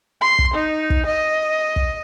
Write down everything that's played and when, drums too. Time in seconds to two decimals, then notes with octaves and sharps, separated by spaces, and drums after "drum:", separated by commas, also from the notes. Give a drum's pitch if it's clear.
0.21 C6
0.39 drum: kick
0.54 D#4
0.90 drum: kick
1.06 D#5
1.76 drum: kick